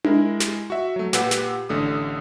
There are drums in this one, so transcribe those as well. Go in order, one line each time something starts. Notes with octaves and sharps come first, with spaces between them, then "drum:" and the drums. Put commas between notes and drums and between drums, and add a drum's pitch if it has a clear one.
G#3 E4 A#4, drum: tom D4
drum: snare
F#4 E5
F#3 A3
A#2 G4 B4 F#5 E6, drum: snare
drum: snare
A1 D3 A3 D#6